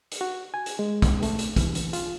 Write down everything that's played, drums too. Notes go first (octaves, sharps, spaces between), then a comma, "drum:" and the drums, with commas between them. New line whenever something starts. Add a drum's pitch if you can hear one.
drum: hi-hat
F#4
G#5
drum: hi-hat
G#3
drum: kick, hi-hat
A3, drum: hi-hat
drum: hi-hat
E3, drum: kick, hi-hat
drum: hi-hat
F4, drum: hi-hat